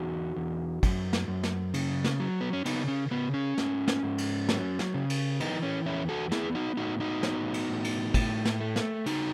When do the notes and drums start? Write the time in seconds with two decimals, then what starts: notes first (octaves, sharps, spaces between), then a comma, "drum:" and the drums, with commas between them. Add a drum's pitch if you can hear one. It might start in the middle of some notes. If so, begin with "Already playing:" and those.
Already playing: E2 D#4 F#4
0.36 E2
0.83 F#2, drum: kick, cymbal
1.13 drum: snare
1.28 F#2
1.43 drum: snare
1.74 C#3, drum: cymbal
2.04 drum: snare
2.20 F#3
2.41 B3
2.53 C#4
2.65 C#3 B3 D#4, drum: cymbal
2.88 C#4
3.11 C#3 B3
3.34 C#4
3.58 G#2, drum: snare
3.88 drum: snare
4.03 G#2
4.18 drum: cymbal
4.49 F#3, drum: snare
4.79 drum: snare
4.94 C#3
5.10 drum: cymbal
5.40 E3 B3 D#4, drum: cymbal
5.63 C#4
5.86 E2 C#4 E4
6.09 F#4 A4
6.32 B3 E4 G#4, drum: snare
6.55 D#4 F#4
6.77 A2 D#4 F#4
7.00 D#4 F#4
7.23 B3, drum: snare
7.54 drum: cymbal
7.69 A2
7.84 drum: cymbal
8.14 A2, drum: kick, cymbal
8.45 drum: snare
8.61 A3
8.76 drum: snare
9.06 C#3 D#4 F#4, drum: cymbal